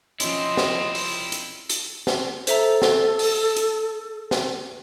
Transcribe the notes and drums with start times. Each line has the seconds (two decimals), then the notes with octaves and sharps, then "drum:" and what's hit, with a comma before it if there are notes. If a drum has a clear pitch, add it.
0.20 F3 C4 C#4 E4 D#5 C6, drum: hi-hat
0.57 drum: snare
0.95 drum: open hi-hat
1.32 drum: hi-hat
1.70 drum: hi-hat
2.07 drum: snare
2.47 A4 C5 E5 A#5, drum: hi-hat
2.82 drum: snare
3.19 drum: open hi-hat
3.56 drum: hi-hat
4.31 drum: snare